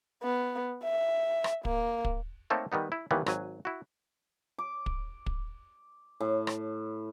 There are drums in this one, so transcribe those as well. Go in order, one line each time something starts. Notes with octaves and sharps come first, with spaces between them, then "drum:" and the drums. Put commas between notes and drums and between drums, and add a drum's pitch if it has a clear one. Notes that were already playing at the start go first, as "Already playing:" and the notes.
B3
E5
drum: rim click
A#3, drum: kick
drum: kick
A3 A#3 C4 D#4 A4 C#5
D#3 G3 B3 D#4
E4
D#2 D#3 E3 G3 B3
G#1 F#3 G#5, drum: rim click
E4 F#4
D6
drum: kick
drum: kick
A2
drum: rim click